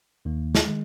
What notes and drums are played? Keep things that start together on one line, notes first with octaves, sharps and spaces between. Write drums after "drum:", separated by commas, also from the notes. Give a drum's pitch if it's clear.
D#2 D#3 A#3
drum: snare
D#3 G#3